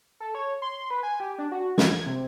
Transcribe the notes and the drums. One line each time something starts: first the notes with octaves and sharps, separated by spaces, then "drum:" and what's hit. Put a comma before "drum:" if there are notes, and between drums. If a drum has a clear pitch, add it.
A4
C#5
C6
B4
G#5
G4
D4
F#4
G#6, drum: snare
C3